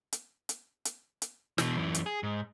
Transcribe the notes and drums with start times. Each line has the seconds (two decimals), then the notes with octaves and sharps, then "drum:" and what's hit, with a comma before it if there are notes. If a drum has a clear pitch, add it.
0.13 drum: hi-hat
0.49 drum: hi-hat
0.85 drum: hi-hat
1.22 drum: hi-hat
1.58 B2 E3, drum: snare
1.77 F#2 E3
1.95 drum: hi-hat
2.06 G#4
2.23 G#2